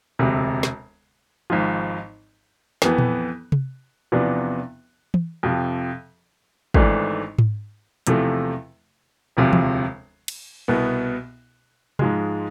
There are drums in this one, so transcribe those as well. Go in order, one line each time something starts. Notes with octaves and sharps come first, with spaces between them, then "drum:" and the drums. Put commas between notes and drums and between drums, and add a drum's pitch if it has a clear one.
E1 D2 C3
drum: snare
G#1 G#2 F3
F2 E3 B3, drum: snare
drum: tom A#2
drum: tom C3
E2 C3 F3 B3 D4
drum: tom E3
F2 C3 F3
G#1 G#2 E3 A3 D4, drum: kick
drum: tom G#2
E2 C3 F3 A3, drum: hi-hat
E1 D2 C3 F3
drum: tom E3
drum: cymbal
C2 B2 B3
G#2 F3 G#3, drum: tom C3